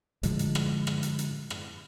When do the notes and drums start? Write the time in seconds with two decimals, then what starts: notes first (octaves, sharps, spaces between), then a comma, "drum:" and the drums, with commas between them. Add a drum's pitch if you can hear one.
0.23 A2 D3 F3 G#3, drum: hi-hat
0.39 drum: hi-hat
0.55 drum: rim click
0.87 drum: rim click
1.03 drum: hi-hat
1.19 drum: hi-hat
1.50 drum: rim click